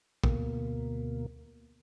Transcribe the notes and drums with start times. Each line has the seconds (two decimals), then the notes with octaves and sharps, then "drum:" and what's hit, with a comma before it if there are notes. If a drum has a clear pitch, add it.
0.24 D2 B2 A#3, drum: kick A#1